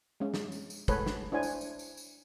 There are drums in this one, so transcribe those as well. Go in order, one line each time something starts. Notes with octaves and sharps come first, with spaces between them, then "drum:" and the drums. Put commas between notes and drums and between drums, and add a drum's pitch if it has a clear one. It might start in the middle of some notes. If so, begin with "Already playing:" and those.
G#3 C#4
drum: snare
drum: tambourine
drum: tambourine
G#3 A3 A4 B4 C#5, drum: kick, tambourine
drum: snare
D4 E4 C5 C#5 G#5
drum: tambourine
drum: tambourine
drum: tambourine
drum: tambourine